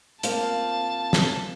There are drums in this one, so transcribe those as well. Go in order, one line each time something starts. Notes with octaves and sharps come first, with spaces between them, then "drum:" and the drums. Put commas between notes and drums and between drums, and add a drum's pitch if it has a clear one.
A#3 C4 F4 A5, drum: hi-hat
drum: snare